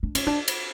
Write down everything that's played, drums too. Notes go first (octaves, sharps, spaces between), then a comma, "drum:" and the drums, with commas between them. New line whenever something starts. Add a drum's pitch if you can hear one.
D4
C#4, drum: cymbal
D4
drum: cymbal